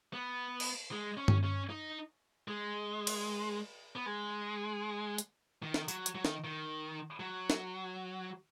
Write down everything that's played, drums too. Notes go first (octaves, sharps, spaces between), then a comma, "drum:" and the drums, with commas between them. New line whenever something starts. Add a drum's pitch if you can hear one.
B3
drum: cymbal
G#3
C#4
drum: tom G2
C#4
D#4
G#3
drum: cymbal
B3
G#3
drum: hi-hat
D#3
drum: snare
F#3, drum: tambourine
drum: hi-hat
F#3
D#3, drum: snare
D#3
F#3
drum: snare